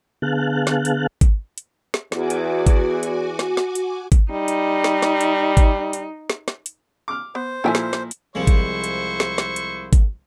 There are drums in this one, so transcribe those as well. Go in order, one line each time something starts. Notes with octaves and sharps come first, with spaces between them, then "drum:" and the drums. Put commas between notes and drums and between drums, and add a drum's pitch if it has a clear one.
D3 B3 G#4 F5 A5 F#6
drum: snare
drum: hi-hat
drum: kick G#1, hi-hat
drum: hi-hat
drum: snare
E2 F#4 G#5 D6, drum: snare
drum: hi-hat
drum: kick G#1, hi-hat
drum: hi-hat
drum: snare
drum: snare
drum: hi-hat
drum: kick G#1, hi-hat
G3 D#4
drum: hi-hat
drum: snare
drum: snare
drum: hi-hat
drum: kick G#1, hi-hat
drum: hi-hat
drum: snare
drum: snare
drum: hi-hat
D6 F6
B3 C5
A#2 F3 E4 A4 G5 G#5
drum: snare
drum: snare
drum: hi-hat
C2 F3 G#3 E4 C5 C#6
drum: kick G#1, hi-hat
drum: hi-hat
drum: snare
drum: snare
drum: hi-hat
drum: kick G#1, hi-hat